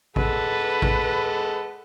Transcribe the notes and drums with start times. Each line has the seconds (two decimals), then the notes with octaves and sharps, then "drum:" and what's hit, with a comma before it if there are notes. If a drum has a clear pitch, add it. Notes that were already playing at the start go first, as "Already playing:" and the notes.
0.16 G#3 A4 B4 F#5, drum: kick A1
0.82 drum: kick A1